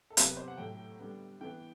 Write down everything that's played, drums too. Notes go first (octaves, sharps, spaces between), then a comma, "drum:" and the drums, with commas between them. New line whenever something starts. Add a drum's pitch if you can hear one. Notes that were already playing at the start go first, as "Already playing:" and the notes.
A4
C3 F#3 B3 G4, drum: hi-hat
B4
C5
F#5
A2 F#3 A3 G5
D3 G3 B3
E3 B3 G5